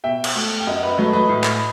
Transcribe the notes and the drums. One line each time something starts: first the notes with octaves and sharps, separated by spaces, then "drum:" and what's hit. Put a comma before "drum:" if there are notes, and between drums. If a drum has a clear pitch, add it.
B2 E5 G5
drum: cymbal
A3
G5
F#2 D#5 F#5
B4 D#5
F#3 A3 B4 D#5
B4 D#5
A2
drum: clap